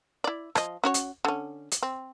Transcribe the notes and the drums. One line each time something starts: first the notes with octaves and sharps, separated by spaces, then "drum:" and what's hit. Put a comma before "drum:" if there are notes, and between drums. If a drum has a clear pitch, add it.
E4 D5
F3 D#5, drum: rim click
C#4 F#4 C#5
drum: hi-hat
D3 C#4
drum: hi-hat
C4